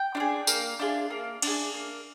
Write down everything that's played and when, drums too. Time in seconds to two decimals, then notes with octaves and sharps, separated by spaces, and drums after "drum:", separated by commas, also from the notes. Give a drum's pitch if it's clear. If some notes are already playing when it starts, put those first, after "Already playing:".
Already playing: G5
0.15 D4 F4
0.20 G#4
0.47 A#3, drum: tambourine
0.79 D4 F4 G#4
1.10 A#3
1.42 D4 F4 G#4, drum: cymbal
1.74 A#3